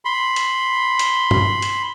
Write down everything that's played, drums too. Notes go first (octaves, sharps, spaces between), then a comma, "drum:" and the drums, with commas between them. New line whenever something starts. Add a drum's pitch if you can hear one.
B5 C6
drum: hi-hat
drum: hi-hat
drum: tom G2
drum: hi-hat